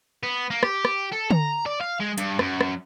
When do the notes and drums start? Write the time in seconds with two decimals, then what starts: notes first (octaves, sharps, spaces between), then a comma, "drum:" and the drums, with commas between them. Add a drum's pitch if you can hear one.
0.23 B3
0.50 A#3
0.63 G4, drum: rim click
0.85 drum: rim click
1.12 A4
1.31 A#5, drum: tom D3
1.66 D5
1.81 F5
2.00 G#3
2.18 G2, drum: hi-hat
2.39 F#2, drum: rim click
2.61 drum: rim click